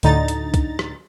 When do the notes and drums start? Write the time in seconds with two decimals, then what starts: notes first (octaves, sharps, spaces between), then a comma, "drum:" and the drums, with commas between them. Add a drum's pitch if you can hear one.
0.03 D2 A2 D3 D#4 A#5 A6, drum: hi-hat
0.28 drum: hi-hat
0.54 drum: kick C2, hi-hat
0.79 drum: rim click